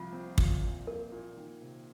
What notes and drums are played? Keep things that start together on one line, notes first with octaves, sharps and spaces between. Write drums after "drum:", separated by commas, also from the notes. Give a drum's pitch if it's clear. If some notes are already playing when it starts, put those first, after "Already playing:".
Already playing: C2 F3 C4 F4
C4
A#2, drum: kick
A#2
A#2 A#4
A#2
D#3
C3